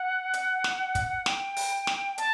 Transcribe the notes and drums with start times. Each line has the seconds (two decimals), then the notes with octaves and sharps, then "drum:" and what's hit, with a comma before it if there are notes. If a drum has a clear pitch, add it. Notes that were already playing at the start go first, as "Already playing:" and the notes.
Already playing: F#5
0.34 drum: hi-hat
0.64 drum: snare
0.95 drum: kick, hi-hat
1.26 G5, drum: snare
1.56 drum: open hi-hat
1.87 drum: snare
2.18 A5, drum: hi-hat